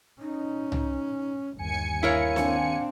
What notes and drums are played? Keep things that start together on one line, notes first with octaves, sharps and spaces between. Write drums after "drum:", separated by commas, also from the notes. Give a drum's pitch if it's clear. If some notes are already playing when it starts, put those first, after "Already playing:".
C#4 D#4
drum: tom C2
G1 D#2 G#5 C#7
E4 A#4 C#5 F5
C4 D4, drum: snare